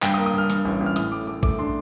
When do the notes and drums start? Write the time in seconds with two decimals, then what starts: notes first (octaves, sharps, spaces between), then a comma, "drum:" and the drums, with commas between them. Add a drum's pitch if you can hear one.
0.02 G2 G5, drum: clap
0.14 D#6
0.18 A#3
0.26 D#6
0.33 G2 F6
0.50 G2, drum: hi-hat
0.65 A1
0.80 A1
0.86 F6
0.96 A2 D#6, drum: hi-hat
1.12 A3 D6
1.27 A3 D6
1.43 A3 D6, drum: kick
1.59 D4 C6